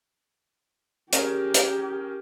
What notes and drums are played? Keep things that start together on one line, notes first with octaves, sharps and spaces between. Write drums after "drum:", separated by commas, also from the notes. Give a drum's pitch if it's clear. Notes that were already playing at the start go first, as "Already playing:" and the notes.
C#4 G4 G#4 A#4, drum: hi-hat
drum: hi-hat